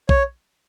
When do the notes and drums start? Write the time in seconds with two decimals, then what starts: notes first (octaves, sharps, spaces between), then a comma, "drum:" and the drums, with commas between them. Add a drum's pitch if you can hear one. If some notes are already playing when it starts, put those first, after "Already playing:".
0.09 C#5, drum: kick